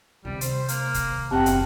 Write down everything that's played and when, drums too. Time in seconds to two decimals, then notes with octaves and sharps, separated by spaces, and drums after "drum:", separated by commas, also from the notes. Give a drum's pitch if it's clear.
0.25 C3 D#3 G3
0.41 C5, drum: hi-hat
0.68 A#3, drum: hi-hat
0.94 drum: kick, hi-hat
1.31 F#1 D#2 C3 F#4 G5 A5
1.46 drum: hi-hat